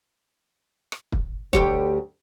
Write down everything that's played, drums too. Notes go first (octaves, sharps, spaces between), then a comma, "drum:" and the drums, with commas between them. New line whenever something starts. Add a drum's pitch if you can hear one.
drum: rim click
drum: kick
D2 G4 C#5, drum: kick